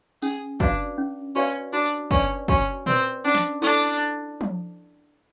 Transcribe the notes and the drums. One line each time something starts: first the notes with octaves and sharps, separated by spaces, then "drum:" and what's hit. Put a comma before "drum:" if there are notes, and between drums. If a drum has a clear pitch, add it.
C#4 G#4, drum: tambourine
D4 F#4 B4 D5 F5, drum: kick
C#4
C#4 F#4 B4 D5 F5
D4 F#4
drum: hi-hat
C#4 B4 D5, drum: kick
C#4 F#4, drum: kick
C4 B4 D5, drum: tom A#2
C#4 D4
drum: snare
D4 E4 A4
drum: tom F3